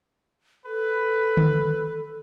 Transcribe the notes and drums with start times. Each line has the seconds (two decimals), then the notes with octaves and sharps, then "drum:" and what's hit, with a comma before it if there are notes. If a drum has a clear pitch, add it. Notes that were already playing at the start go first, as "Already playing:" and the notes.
0.66 A4 B4
1.37 drum: tom D3